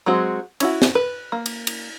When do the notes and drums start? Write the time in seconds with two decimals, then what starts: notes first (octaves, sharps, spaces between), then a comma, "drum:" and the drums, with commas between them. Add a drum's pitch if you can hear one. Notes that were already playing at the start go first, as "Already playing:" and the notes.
0.06 F#3 G#3 C4 F#4
0.60 C#4 E4 F#4, drum: cymbal
0.82 drum: snare
0.95 B4
1.32 A#3
1.46 drum: cymbal
1.67 drum: cymbal